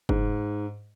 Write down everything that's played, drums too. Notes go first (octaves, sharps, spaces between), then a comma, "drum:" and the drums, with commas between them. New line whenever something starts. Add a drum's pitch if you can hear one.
G#2, drum: kick